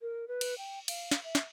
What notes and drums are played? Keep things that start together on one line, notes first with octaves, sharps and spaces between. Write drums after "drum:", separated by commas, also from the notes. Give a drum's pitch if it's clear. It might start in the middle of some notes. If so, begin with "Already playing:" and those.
A#4
B4
drum: cymbal
G5
F5, drum: cymbal
drum: snare
E5
drum: snare